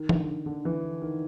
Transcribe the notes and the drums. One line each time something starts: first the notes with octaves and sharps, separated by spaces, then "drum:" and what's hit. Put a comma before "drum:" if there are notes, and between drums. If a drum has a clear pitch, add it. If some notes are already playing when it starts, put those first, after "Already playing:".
Already playing: D#3
D3, drum: tom E3
D3
E3
D#3